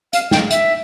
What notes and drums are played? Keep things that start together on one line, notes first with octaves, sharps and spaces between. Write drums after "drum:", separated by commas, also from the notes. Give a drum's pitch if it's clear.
F5, drum: hi-hat
G5, drum: snare
E5, drum: hi-hat